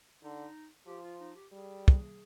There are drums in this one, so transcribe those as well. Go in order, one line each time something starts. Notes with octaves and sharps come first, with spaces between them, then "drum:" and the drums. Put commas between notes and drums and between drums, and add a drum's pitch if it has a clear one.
D3 D#4
F3 G4
F4
D#4
G4
G3 G#4
drum: kick